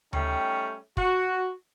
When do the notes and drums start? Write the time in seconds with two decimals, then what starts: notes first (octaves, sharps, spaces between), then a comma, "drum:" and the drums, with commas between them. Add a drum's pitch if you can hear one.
0.13 G3 A3 C#4 D#4 G5, drum: tom D2
0.97 F#4, drum: kick